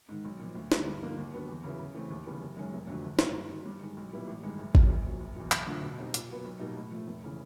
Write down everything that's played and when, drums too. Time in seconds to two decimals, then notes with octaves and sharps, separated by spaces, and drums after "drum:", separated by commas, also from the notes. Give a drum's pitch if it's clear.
0.09 G#2 D#3
0.25 B1
0.39 A#2 F3
0.55 D2
0.72 D3 G3 B3, drum: snare
0.86 G2
1.03 D3 F3 A#3 D#4
1.18 D#2
1.34 D3 F#3 B3
1.49 E2
1.64 C#3 F#3 B3 E4
1.79 C#3
1.95 E3 A3 C4
2.10 D#2
2.26 C#3 E3 G3 B3
2.41 F#1
2.57 F#2 D#3 G#3 C#4
2.73 F1
2.87 F2 D3 F#3 A3
3.04 G1
3.19 F#2 D#3 F#3 A#3, drum: snare
3.34 G2
3.51 D#3 F#3
3.66 G2
3.80 D#3 G#3
3.97 B1
4.12 A#2 G3 B3 E4
4.27 A1
4.43 G2 D#3 G#3
4.58 F#1
4.75 F2 C#3 F#3, drum: kick
4.90 A#1
5.05 A#2 F#3
5.20 F#1
5.36 E2 B2
5.52 F#1, drum: clap
5.67 F2 D3 F3 A3
5.82 B2
5.99 G3 C4 D#4
6.14 A#2, drum: hi-hat
6.29 F#3 B3
6.45 B1
6.60 B2 G3 A#3 D#4
6.75 A2
6.91 F3 A3
7.07 F1
7.24 C#3 E3